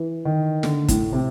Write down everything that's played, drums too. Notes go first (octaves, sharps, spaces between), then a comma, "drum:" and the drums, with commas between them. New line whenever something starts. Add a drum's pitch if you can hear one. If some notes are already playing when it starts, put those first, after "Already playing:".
Already playing: E3
D#3
D3, drum: snare
A2, drum: kick, hi-hat
C3